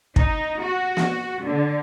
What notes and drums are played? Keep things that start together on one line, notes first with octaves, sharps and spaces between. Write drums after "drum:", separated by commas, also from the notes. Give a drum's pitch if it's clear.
D#4, drum: kick
F#4
drum: snare
D3